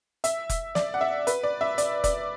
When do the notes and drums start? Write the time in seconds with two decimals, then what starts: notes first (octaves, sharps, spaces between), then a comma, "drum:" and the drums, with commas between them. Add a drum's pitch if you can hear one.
0.24 E5, drum: hi-hat
0.49 drum: kick F1, hi-hat
0.75 D5, drum: snare
0.94 F#5
1.01 E5
1.27 B4, drum: hi-hat
1.43 D5
1.61 E5
1.78 D5, drum: hi-hat
2.04 D5, drum: kick F1, hi-hat